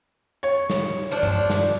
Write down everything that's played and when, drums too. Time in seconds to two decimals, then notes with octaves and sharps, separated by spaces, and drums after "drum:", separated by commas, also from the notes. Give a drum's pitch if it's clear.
0.43 C#5
0.70 drum: snare
1.11 F3 D4
1.23 drum: tom G2
1.50 drum: snare